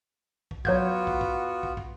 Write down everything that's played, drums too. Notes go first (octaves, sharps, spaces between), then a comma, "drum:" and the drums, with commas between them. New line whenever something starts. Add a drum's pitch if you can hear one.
drum: kick
F#3 B3 F4 F#4 G6 G#6, drum: kick
drum: kick
drum: kick
drum: kick
drum: kick